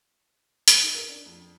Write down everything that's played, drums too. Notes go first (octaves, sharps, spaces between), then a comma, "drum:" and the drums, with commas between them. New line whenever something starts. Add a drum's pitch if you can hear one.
D#6, drum: hi-hat
D#4
A#4
D4
F2